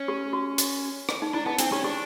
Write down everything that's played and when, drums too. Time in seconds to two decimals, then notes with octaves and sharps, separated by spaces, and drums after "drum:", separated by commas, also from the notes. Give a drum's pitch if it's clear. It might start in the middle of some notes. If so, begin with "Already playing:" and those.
Already playing: C#4
0.08 G4
0.33 F#4
0.58 drum: hi-hat
1.09 drum: rim click
1.22 D#4
1.34 D4 E4
1.46 B3 D#4
1.59 C4 D4, drum: hi-hat
1.72 C#4 G4
1.84 D4 G4